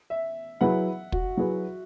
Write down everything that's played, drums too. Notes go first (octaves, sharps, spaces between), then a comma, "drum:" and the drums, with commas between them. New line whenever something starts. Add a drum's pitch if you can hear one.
E5
F#3 E4 G#4 B4 F#5
F#4, drum: kick
F#3 E4 G#4 B4